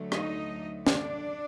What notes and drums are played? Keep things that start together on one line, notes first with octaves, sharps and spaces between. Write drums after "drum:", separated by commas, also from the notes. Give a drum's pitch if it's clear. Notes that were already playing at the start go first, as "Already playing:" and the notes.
Already playing: D2 D3 F#3 A3
D#4 D#5, drum: rim click
D4 D5, drum: snare